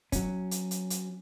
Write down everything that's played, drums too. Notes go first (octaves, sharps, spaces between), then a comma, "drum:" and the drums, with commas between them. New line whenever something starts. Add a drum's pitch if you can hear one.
F#3 C#4, drum: kick, hi-hat
drum: hi-hat
drum: hi-hat
drum: hi-hat